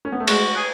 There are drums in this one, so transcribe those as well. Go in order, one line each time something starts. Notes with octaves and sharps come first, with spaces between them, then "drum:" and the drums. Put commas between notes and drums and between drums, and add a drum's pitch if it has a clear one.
C#4
B3
A3
G#3 F#4, drum: cymbal
G#4